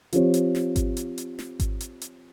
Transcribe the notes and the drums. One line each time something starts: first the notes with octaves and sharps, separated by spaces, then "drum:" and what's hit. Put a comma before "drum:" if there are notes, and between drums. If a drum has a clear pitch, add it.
F3 C4 G4 C#5, drum: hi-hat
drum: hi-hat
drum: snare
drum: kick G#1, hi-hat
drum: hi-hat
drum: hi-hat
drum: snare
drum: kick G#1, hi-hat
drum: hi-hat
drum: hi-hat